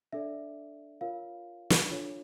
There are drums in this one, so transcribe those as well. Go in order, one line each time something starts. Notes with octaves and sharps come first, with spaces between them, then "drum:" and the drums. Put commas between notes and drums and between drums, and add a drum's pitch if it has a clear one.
D4 A4 D5 E5
F4 A#4 C#5 F5
drum: snare
D4 F4 A4 C#5